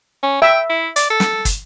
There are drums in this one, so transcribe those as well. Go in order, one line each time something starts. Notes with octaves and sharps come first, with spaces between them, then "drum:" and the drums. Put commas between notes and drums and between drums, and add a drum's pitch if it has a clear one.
C#4
E5 G5
E4
D5, drum: hi-hat
A4
drum: snare
drum: kick, hi-hat